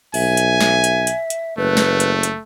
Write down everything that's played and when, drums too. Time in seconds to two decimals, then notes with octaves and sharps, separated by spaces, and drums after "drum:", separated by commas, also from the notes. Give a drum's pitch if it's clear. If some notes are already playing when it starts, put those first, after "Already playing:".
0.14 B1 E5 G#5, drum: open hi-hat
0.37 drum: hi-hat
0.61 drum: snare
0.84 drum: hi-hat
1.07 drum: hi-hat
1.30 drum: hi-hat
1.58 F#1 A3 B4
1.77 drum: snare
2.00 drum: hi-hat
2.23 drum: hi-hat